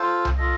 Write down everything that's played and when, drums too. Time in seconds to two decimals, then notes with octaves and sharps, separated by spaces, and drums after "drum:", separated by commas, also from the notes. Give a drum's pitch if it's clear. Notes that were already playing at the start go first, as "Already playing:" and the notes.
Already playing: F4 A4 C5
0.25 drum: tom C2
0.37 F4 A4 D#5